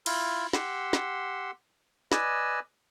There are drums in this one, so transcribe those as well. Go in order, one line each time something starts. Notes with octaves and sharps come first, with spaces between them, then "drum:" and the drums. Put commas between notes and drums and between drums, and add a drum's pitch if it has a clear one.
E4 F4, drum: cymbal
G4 F#5 C6 E6, drum: snare
drum: snare
B4 D5 D#5 G#5 E6, drum: snare